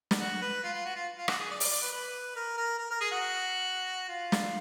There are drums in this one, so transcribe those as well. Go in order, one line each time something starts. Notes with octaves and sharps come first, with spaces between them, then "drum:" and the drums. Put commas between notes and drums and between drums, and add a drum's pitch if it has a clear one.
drum: snare
F#4
B4
F4
F4
F#4
F4
F4
F#4, drum: rim click
G#4
D5
D5, drum: open hi-hat
D5
B4
B4
A#4
A#4
A#4
A#4
G#4
F#4
F4
drum: snare